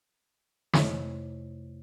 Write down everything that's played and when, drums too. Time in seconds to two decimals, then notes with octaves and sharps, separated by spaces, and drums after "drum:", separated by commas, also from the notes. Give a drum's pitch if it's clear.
0.73 F2 C3 A3 E4 C#5 D#5, drum: snare